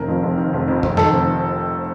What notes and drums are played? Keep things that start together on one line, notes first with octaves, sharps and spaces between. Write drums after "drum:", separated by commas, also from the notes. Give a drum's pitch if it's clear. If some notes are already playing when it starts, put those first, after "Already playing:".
Already playing: F1 D#3 A#4
F2
F1
D#3
F1
F2
F1, drum: tom F#2
D#3 A4, drum: snare
F1